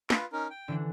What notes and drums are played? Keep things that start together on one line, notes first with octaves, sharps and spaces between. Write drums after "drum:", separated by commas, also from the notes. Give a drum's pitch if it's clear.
F4 B4, drum: snare
C#4 D#4 A#4
G5
D3 E3 D4